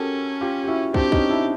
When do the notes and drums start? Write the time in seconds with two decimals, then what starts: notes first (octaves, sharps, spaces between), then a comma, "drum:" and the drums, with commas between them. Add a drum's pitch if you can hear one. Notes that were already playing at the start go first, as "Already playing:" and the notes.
Already playing: C#4 F#4 G4 A4 A#4
0.41 F4 G4
0.63 G4
0.68 E4 F#4
0.94 C4 D4 G4, drum: kick
1.12 C#4 D#4, drum: kick
1.30 D4 E4